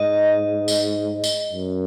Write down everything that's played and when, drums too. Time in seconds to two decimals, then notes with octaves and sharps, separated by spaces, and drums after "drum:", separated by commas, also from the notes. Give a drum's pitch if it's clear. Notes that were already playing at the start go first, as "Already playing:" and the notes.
Already playing: G#2 D#5
0.68 drum: tambourine
1.24 drum: tambourine
1.52 F#2